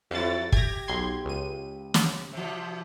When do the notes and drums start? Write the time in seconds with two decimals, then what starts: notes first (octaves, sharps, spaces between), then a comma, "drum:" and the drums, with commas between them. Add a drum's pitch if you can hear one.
0.11 F2 F3 E4 F#4 A6
0.52 G4 G#6 A#6, drum: kick
0.87 B1 C6 G#6
1.25 C#2 D#7
1.94 drum: snare
2.33 C3 E3